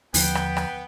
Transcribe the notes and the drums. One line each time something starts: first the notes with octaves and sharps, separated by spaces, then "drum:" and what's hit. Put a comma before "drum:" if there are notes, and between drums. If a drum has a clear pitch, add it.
D#2 D3 F3 B3 G5, drum: open hi-hat
drum: rim click
drum: rim click